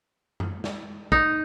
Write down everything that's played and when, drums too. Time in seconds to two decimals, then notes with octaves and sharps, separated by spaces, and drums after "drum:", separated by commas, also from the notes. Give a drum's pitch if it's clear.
0.40 drum: tom F#2
0.64 drum: snare
1.12 D#4, drum: kick A#1